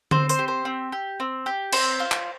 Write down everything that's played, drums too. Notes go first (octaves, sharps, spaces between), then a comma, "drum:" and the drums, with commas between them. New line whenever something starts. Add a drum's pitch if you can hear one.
C4 C5, drum: tom D3
C5, drum: tambourine
G4
C5
C4
G4
C4
G4
C4 C5, drum: cymbal
F4
drum: clap